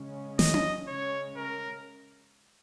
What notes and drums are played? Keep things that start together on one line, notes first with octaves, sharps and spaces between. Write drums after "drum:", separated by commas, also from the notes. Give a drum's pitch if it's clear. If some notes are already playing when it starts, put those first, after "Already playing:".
Already playing: C#3 G#3 C#4
D#5, drum: snare
drum: tom C#4
C#3 G#3 C#4 C#5
A#4